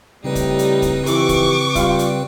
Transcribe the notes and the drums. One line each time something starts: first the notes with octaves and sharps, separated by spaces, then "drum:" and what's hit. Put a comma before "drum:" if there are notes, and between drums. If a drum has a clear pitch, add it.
A2 C#3 G3 C4 D#4 B4
drum: kick, hi-hat
drum: hi-hat
drum: kick, hi-hat
F2 E3 G4 C#6 D6, drum: hi-hat
drum: kick, hi-hat
G3 F4, drum: kick, hi-hat
drum: hi-hat